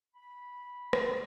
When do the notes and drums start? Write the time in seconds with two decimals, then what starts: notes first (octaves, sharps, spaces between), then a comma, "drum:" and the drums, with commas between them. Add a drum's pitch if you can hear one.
0.15 B5
0.93 drum: rim click